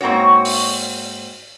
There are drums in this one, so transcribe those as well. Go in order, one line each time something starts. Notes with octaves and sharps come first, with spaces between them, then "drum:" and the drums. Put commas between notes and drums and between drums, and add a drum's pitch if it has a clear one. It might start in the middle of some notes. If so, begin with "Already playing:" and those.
G#2 A#3 C4 F#4 C#5
drum: open hi-hat